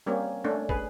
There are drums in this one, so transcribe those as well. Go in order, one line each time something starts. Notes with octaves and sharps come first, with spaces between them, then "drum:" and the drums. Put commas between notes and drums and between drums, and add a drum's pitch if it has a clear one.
G3 A#3 C4 C#4
A3 C#4 D4
G#4 B4, drum: kick